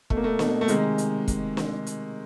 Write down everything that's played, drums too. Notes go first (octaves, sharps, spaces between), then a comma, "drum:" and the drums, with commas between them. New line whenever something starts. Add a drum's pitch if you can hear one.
B2 A3, drum: kick
A#3
A3
B2, drum: snare
A3
C3 D#3 G#3, drum: hi-hat
drum: hi-hat
drum: kick, hi-hat
drum: snare
drum: hi-hat